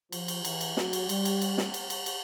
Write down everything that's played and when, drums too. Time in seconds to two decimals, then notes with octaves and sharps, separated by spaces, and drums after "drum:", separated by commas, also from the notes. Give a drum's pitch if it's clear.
0.12 F3, drum: cymbal
0.28 drum: cymbal
0.45 E3, drum: cymbal
0.61 drum: cymbal
0.77 F#3, drum: snare
0.93 drum: cymbal
1.09 G3, drum: cymbal
1.25 drum: cymbal
1.41 drum: cymbal
1.58 drum: snare
1.74 drum: cymbal
1.90 drum: cymbal
2.06 drum: cymbal